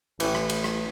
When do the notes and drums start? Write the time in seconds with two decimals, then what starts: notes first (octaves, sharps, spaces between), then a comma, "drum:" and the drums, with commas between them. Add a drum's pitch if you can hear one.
0.20 A1 A2 E3, drum: cymbal
0.35 drum: rim click
0.50 drum: cymbal
0.64 drum: rim click